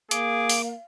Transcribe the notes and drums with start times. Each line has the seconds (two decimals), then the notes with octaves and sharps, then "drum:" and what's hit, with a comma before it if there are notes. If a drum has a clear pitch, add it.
0.11 A#3 G#4 F5 D6, drum: hi-hat
0.49 drum: open hi-hat